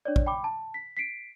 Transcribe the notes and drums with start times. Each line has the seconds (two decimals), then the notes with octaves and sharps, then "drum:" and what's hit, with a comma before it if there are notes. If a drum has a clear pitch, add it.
0.05 D4 C#5 D5
0.16 drum: kick
0.26 G5 B5 D6
0.44 A5
0.74 B6
0.97 B6 C7 D7